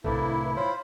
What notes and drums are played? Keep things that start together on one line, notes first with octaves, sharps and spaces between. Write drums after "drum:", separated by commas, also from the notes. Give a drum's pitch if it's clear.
C2 A2 D#3 A3 A#3 D4 E4 B4, drum: kick G#1
F4 C5 C#5 B5